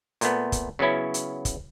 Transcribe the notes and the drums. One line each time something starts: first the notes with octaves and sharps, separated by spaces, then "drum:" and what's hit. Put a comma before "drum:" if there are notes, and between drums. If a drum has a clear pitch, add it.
A#2 A3 B3, drum: hi-hat
drum: kick, hi-hat
C#3 F#3 B3 C#4 E4
drum: hi-hat
drum: kick, hi-hat